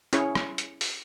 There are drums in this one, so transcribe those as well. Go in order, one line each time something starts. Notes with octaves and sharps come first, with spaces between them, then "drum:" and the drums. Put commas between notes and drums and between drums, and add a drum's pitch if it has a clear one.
C#4 E4 G#4 C#5, drum: hi-hat
drum: rim click
drum: hi-hat
drum: open hi-hat